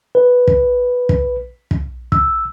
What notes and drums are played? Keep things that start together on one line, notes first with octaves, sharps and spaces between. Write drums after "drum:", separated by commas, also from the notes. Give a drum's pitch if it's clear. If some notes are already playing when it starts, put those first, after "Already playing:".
B4
drum: kick
drum: kick
drum: kick
E6, drum: kick